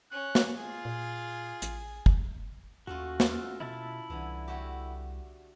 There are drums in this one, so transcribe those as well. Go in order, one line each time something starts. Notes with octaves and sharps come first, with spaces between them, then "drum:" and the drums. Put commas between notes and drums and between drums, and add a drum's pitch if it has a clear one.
C#4 F#6
drum: snare
F4 G#4
A#2
A1, drum: hi-hat
drum: kick
D#2 A3 C#4 F4 F#4
drum: snare
F4 A4
B2 E4 E5 A5
C2 D3 E3
A3 F#4 G4